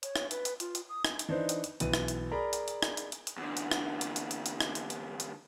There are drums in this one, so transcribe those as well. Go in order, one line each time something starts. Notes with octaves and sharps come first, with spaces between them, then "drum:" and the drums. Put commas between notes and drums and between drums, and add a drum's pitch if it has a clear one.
C#5, drum: hi-hat
drum: rim click
B4, drum: hi-hat
drum: hi-hat
F4, drum: hi-hat
drum: hi-hat
D#6
drum: rim click
drum: hi-hat
E3 D4 D#4 C5
drum: hi-hat
drum: hi-hat
B1 E3 D#7, drum: hi-hat
drum: rim click
drum: hi-hat
G#4 A#4 D5 A#5 B5
drum: hi-hat
drum: hi-hat
drum: rim click
drum: hi-hat
drum: hi-hat
drum: hi-hat
E2 D3
drum: hi-hat
drum: rim click
drum: hi-hat
drum: hi-hat
drum: hi-hat
drum: hi-hat
drum: rim click
drum: hi-hat
drum: hi-hat
drum: hi-hat